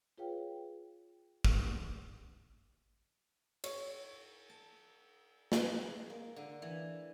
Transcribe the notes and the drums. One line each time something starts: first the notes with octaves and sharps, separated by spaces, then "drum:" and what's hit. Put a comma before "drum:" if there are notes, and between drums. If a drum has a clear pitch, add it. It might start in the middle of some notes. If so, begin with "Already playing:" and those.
F4 G#4 B4 C#5 F5 G5
drum: kick
C#5, drum: cymbal
A5
G#3, drum: snare
A#3
D3
E3